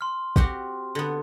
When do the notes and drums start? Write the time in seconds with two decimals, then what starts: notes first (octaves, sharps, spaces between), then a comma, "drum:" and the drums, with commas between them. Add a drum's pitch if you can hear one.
0.01 C6 F6
0.36 C4 F#4 G4, drum: kick
0.95 D3 B3